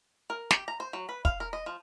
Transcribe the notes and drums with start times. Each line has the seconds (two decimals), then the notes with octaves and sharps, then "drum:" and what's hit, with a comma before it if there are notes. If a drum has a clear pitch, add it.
0.30 A#4
0.51 G4, drum: snare
0.68 A#5
0.80 C5
0.93 F#3
1.09 B4
1.25 F5, drum: kick
1.40 A#4
1.53 D#5
1.66 F3